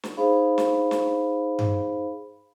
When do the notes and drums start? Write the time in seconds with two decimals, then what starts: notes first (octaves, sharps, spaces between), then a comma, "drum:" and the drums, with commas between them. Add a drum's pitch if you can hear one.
0.03 drum: snare
0.17 D#4 G#4 C5 F5 B5
0.58 drum: snare
0.91 drum: snare
1.59 drum: tom G2